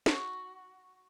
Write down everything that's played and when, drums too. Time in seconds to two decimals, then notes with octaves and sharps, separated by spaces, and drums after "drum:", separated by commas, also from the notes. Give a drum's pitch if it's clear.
0.06 F#4, drum: snare